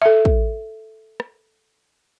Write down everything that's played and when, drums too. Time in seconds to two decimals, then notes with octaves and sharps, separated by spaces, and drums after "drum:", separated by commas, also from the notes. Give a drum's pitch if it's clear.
0.02 A4 E5
0.25 drum: kick
1.20 drum: rim click